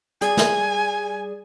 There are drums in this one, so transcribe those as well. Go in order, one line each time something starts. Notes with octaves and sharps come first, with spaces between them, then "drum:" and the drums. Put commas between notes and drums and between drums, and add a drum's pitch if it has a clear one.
G3 G#4 D5 G#5, drum: hi-hat
drum: snare